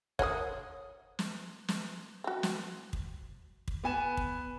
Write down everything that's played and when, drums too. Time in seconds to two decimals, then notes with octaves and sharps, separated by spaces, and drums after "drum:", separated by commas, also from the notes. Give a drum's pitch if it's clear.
0.19 A#4 C5 C#5 F#5 D#6, drum: kick
1.19 drum: snare
1.68 drum: snare
2.24 C4 F#4
2.43 drum: snare
2.93 drum: kick
3.68 drum: kick
3.84 B3 G#5 E7
4.17 drum: kick